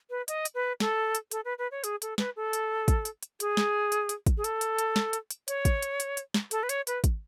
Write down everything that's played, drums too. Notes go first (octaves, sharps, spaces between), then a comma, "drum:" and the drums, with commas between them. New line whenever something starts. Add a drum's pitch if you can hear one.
B4
D#5, drum: hi-hat
drum: hi-hat
B4
A4, drum: snare
drum: hi-hat
A4, drum: hi-hat
B4
B4
C#5
G#4, drum: hi-hat
A4, drum: hi-hat
B4, drum: snare
A4
drum: hi-hat
drum: kick, hi-hat
drum: hi-hat
drum: hi-hat
G#4, drum: hi-hat
drum: snare
drum: hi-hat
drum: hi-hat
drum: kick, hi-hat
G#4
A4, drum: hi-hat
drum: hi-hat
drum: hi-hat
drum: snare
drum: hi-hat
drum: hi-hat
C#5, drum: hi-hat
drum: kick, hi-hat
drum: hi-hat
drum: hi-hat
drum: hi-hat
drum: snare
A4, drum: hi-hat
B4
C#5, drum: hi-hat
B4, drum: hi-hat
drum: kick, hi-hat